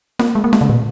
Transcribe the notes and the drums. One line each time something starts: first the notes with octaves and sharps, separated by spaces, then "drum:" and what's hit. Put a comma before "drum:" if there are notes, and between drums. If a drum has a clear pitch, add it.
A#3, drum: snare F4
G#3
A#3
G#3, drum: snare F4
C#3
A#2